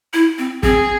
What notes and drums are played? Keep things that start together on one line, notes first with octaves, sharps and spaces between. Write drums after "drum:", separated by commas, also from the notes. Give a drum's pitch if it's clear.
E4
C4
C4 G#4, drum: kick